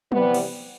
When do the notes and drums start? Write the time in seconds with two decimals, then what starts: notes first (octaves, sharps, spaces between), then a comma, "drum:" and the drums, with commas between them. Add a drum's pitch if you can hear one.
0.12 C3 E3 G3 B3, drum: tom
0.34 drum: cymbal